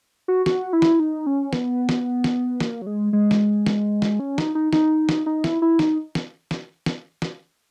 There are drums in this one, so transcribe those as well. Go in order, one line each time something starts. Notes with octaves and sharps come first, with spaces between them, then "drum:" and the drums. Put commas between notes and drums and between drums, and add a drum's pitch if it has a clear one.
F#4
F#4, drum: snare
E4
drum: snare
D#4
C#4
B3, drum: snare
drum: snare
drum: snare
A#3, drum: snare
F#3
G#3
G#3
drum: snare
drum: snare
drum: snare
C#4
D#4, drum: snare
D#4
D#4, drum: snare
drum: snare
D#4
E4, drum: snare
E4
D#4, drum: snare
drum: snare
drum: snare
drum: snare
drum: snare